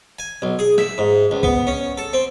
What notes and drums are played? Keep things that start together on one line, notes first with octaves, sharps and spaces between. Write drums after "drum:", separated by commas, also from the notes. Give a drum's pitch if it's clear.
G#5
B1
G#4
E5, drum: snare
G#2
C#2
B3, drum: kick C2
C#4
A4
C4